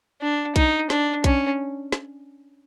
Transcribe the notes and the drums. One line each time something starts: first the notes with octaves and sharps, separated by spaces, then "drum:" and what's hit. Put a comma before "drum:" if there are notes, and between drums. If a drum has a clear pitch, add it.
D4
D#4, drum: kick B1, hi-hat
D4, drum: snare
C#4, drum: kick B1, hi-hat
drum: snare